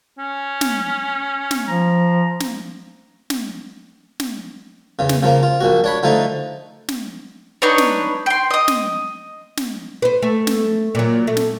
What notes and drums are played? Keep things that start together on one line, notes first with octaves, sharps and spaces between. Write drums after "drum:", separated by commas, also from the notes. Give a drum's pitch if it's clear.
C#4
drum: snare
drum: snare
F3 A#5
drum: snare
drum: snare
drum: snare
E2 C#3
drum: snare
C#3 F3 A#3
F4
A#1 A#2 F#4
D4 C#5 B5
D3 F3 A3 D#4
drum: snare
D4 D#4 B4 C#5
drum: snare
G5 C6
D#5 D#6
drum: snare
drum: snare
B4 C5
A3
drum: snare
A#2 F#3
A3
drum: snare